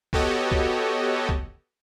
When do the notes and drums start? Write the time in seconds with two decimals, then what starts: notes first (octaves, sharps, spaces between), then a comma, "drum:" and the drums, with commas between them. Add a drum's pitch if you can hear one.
0.13 B3 F#4 G4 A4 C#5 D#5, drum: kick C2
0.52 drum: kick C2
1.29 drum: kick C2